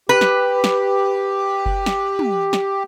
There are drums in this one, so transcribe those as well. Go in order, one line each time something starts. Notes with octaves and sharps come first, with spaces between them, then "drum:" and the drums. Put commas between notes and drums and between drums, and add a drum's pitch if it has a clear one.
G4 B4
drum: snare
drum: snare
drum: kick F#1
drum: snare
drum: tom
drum: snare